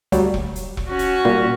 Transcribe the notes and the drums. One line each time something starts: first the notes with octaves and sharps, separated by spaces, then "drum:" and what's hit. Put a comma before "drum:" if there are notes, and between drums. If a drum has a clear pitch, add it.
D2 F#3 G3, drum: hi-hat
drum: kick E1
drum: hi-hat
drum: kick E1
C#4 F#4
drum: hi-hat
A#2 G3 A#3